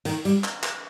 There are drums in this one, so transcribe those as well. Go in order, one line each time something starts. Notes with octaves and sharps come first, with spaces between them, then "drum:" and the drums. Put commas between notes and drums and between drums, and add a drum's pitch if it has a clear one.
D#3, drum: hi-hat
G3, drum: hi-hat
drum: clap
drum: clap